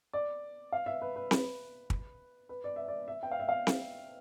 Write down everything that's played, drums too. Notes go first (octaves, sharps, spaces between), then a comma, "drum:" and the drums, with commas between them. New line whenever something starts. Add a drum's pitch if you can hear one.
D5
F5
E5
B4
B4
B4, drum: snare C4
drum: kick
B4
D5
E5
D5
E5
G5
F5
E5
F5
drum: snare C4